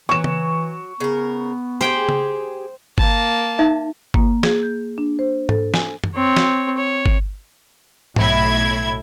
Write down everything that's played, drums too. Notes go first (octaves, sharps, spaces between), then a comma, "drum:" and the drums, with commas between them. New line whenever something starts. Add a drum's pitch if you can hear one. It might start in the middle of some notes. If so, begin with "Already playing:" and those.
E3 F#3 C#6 E7
drum: tom C#3
C#3 B3 A#4
G4 G#4 C5 G5
drum: tom C#3
A#3 A5, drum: kick G1
D#4 E5
A#3, drum: kick G1
G#4, drum: snare
G6
D4
C5
A4, drum: tom G#2
G#5, drum: snare
drum: tom
C4 C#5
drum: snare
C#5
drum: kick G1
B1 A2 E4 G#6, drum: tom G#2